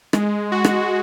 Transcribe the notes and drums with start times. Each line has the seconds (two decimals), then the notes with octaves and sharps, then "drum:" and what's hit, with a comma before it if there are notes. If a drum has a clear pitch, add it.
0.13 G#3, drum: rim click
0.52 F#4
0.65 drum: rim click